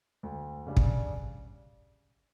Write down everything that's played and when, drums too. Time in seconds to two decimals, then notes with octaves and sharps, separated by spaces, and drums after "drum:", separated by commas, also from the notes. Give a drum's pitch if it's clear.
0.23 D2
0.67 C#3 G3 D4
0.77 drum: kick